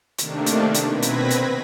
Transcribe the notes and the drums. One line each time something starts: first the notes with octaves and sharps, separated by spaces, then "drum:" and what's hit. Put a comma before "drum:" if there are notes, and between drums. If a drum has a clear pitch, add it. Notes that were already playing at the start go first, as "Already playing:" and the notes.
C3 D#3 A3 A#3 D4, drum: hi-hat
drum: hi-hat
drum: hi-hat
B2 C4 B4 G#6 A#6 B6
drum: hi-hat
drum: hi-hat